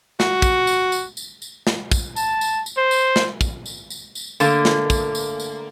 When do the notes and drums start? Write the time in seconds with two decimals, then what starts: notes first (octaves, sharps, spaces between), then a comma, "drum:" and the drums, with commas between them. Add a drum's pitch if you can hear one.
0.20 F#4, drum: snare
0.42 drum: kick, tambourine
0.67 drum: tambourine
0.92 drum: tambourine
1.17 drum: tambourine
1.42 drum: tambourine
1.67 drum: snare
1.92 drum: kick, tambourine
2.16 A5, drum: tambourine
2.41 drum: tambourine
2.66 drum: tambourine
2.78 C5
2.91 drum: tambourine
3.16 drum: snare
3.41 drum: kick, tambourine
3.66 drum: tambourine
3.90 drum: tambourine
4.15 drum: tambourine
4.40 D3 A3 A#3, drum: tambourine
4.65 drum: snare
4.90 drum: kick, tambourine
5.15 drum: tambourine
5.40 drum: tambourine